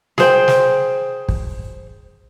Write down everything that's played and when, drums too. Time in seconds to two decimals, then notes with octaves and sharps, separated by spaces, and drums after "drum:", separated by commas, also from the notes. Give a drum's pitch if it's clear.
0.18 G#4 C5 G5, drum: snare
0.48 drum: snare
1.29 drum: kick